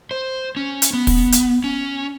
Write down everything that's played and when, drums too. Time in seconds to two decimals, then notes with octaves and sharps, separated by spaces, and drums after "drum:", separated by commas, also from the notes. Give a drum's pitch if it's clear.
0.11 C5
0.57 C#4
0.82 drum: hi-hat
0.93 B3
1.07 drum: kick, open hi-hat
1.32 drum: hi-hat
1.64 C#4